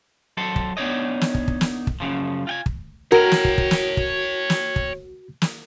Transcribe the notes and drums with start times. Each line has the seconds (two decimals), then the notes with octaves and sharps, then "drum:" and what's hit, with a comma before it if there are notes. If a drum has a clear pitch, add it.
0.37 F#3 A4 C5
0.56 drum: kick
0.77 B3 D4 D#4 C#5 D#5
1.21 drum: snare
1.35 drum: kick
1.48 drum: kick
1.61 drum: snare
1.87 drum: kick
2.00 F#2 C#3 F3
2.47 F4 G5 G#5
2.66 drum: kick
3.12 F#4 A#4 C#5 G5
3.31 drum: snare
3.45 drum: kick
3.58 drum: kick
3.71 drum: snare
3.97 drum: kick
4.50 drum: snare
4.76 drum: kick
5.42 drum: snare